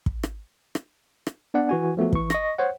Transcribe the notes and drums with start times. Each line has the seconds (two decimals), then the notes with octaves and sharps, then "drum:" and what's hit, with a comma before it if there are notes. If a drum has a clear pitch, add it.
0.06 drum: kick
0.23 drum: rim click
0.75 drum: rim click
1.27 drum: rim click
1.54 B3 D4 D5 F#5
1.69 E3 F#4 G#5
1.97 F3 A3 B3 F#4
2.13 E3 C#6, drum: kick
2.30 D#5 C#6 A#6, drum: rim click
2.58 C5 C#5 F#5